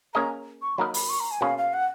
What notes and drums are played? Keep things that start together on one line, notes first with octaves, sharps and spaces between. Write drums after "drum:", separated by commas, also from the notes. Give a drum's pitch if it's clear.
A#3 C#4 G#4 D#5 A#5
C#6
F#3 A#3 D#4 A#4 D#5 B5
B5, drum: open hi-hat
C#6
A#5
G#5
B2 A#3 C#4 G#4 B4 F5
F5
F#5